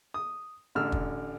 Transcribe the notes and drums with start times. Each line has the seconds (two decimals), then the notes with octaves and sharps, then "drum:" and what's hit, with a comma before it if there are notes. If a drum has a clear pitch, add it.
0.14 D#6
0.75 A1 D3 E6 F6
0.92 drum: kick